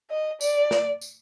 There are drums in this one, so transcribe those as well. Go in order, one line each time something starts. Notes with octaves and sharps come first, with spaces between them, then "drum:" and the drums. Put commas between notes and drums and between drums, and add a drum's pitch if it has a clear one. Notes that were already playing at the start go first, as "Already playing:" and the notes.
D#5
D5, drum: tambourine
drum: snare
drum: tambourine